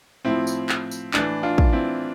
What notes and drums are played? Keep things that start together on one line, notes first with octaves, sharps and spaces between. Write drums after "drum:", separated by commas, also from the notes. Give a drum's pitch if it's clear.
A2 F3 C4 E4
drum: tambourine
drum: clap
drum: tambourine
A2 E3 D4, drum: clap
D4 F4
drum: kick
C4 E4